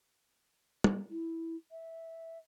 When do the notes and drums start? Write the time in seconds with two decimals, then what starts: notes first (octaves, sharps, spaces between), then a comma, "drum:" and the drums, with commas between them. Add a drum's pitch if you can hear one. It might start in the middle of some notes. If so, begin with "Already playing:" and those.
0.84 drum: tom
1.10 E4
1.71 E5